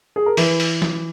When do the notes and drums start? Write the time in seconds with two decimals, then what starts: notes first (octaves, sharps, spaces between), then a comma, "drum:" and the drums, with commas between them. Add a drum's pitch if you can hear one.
0.16 G#4
0.26 A#4
0.37 E3 B4, drum: open hi-hat
0.60 drum: open hi-hat
0.82 drum: snare